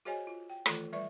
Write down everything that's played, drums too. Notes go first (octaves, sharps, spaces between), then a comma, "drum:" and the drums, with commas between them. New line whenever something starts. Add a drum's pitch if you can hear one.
F#4 G#4 C5 C#5 D#5 G#5
F4
G5
D#3 E3 A3 F4 A4 C5, drum: rim click
G3 B4 D5 E5 C#6